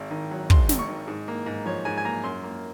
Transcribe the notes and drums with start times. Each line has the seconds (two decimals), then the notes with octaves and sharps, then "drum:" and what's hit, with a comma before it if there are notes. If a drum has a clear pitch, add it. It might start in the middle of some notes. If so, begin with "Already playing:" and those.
Already playing: G#1
0.11 D#3
0.31 F#3
0.50 G#2 C6, drum: kick
0.69 G#1, drum: snare
0.79 C#6
0.88 D#3
1.08 G#2
1.28 A#3
1.46 G#2
1.66 F3 C#5
1.85 G#2 G#5
1.98 G#5
2.05 A#3 A#5
2.24 F#2 C6
2.43 A#3